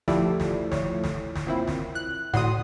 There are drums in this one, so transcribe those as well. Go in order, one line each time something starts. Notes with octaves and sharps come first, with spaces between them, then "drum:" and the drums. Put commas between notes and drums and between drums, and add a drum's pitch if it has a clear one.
F3 A3 E4 G4 D5 E5, drum: snare
drum: snare
C#5, drum: snare
drum: snare
drum: snare
A#2 C4 E4
drum: snare
F#6
A2 F#4 D5 F#5 C6 D#6, drum: snare